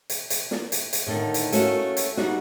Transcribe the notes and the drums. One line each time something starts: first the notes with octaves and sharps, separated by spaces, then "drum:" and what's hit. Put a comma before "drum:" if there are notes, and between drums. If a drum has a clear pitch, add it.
drum: hi-hat
drum: hi-hat
drum: snare
drum: hi-hat
drum: hi-hat
A2 D3 D#3 D#4
drum: hi-hat
A3 A#3 C#4 F#4, drum: hi-hat
drum: hi-hat
G3 B3 D#4 F#4, drum: snare